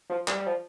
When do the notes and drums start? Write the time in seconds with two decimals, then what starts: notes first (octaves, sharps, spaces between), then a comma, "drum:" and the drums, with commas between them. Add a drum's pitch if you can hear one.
0.10 F3
0.28 G3, drum: clap
0.38 G3
0.46 F3